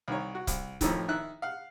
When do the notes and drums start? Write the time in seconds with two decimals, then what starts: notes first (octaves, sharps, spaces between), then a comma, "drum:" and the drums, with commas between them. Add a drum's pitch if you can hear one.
0.08 C2 D#3 C#5
0.35 F#4
0.47 C2, drum: kick C#1, hi-hat
0.81 F2 A2 D#3 E3, drum: kick C#1, hi-hat
1.08 D#3 E4 F#6
1.42 F5 F#5